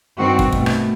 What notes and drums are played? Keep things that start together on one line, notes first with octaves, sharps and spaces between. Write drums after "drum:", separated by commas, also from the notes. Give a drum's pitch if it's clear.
G2 D#3 C4 F#4
drum: kick
B2 A3, drum: kick
drum: rim click